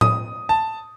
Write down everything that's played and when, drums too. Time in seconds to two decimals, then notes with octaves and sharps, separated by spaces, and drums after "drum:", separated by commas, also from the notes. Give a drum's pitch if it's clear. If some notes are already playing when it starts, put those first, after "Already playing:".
0.01 D#6, drum: tom A2
0.49 A5